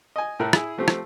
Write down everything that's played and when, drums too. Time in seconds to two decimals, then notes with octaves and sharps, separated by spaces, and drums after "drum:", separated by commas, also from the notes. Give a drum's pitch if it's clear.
0.16 D#5 G#5
0.39 A2 A4 A#4 E5 F#6
0.53 E4 G#4, drum: rim click
0.78 F3 A3 C4 G4
0.88 drum: rim click